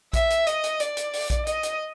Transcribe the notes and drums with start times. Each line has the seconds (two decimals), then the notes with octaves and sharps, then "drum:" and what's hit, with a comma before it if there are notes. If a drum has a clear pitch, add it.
0.13 E5, drum: kick A#1, hi-hat
0.30 drum: hi-hat
0.47 D#5, drum: hi-hat
0.64 drum: hi-hat
0.80 D5, drum: hi-hat
0.97 drum: hi-hat
1.13 drum: open hi-hat
1.30 drum: kick A#1, hi-hat
1.47 D#5, drum: hi-hat
1.63 drum: hi-hat